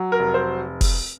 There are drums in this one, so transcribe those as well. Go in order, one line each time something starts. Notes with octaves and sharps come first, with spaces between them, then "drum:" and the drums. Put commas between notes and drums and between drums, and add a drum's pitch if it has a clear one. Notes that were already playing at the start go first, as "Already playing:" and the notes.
Already playing: F#3
A#4
F1
C5
drum: kick F1, open hi-hat